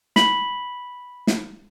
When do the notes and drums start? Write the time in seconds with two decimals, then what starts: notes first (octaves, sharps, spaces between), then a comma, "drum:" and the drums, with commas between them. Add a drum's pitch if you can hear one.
0.16 B5 B6 F#7, drum: snare
1.27 drum: snare